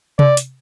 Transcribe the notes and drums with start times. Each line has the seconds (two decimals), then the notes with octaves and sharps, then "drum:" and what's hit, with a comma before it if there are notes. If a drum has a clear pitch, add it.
0.19 D5, drum: tom C3
0.37 drum: hi-hat